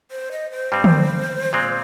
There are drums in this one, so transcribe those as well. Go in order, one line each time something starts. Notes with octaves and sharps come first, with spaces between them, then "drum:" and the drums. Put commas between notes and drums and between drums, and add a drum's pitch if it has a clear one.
C5
D#5
C5
G2 G3 C4
drum: tom
A#2 G#3 C4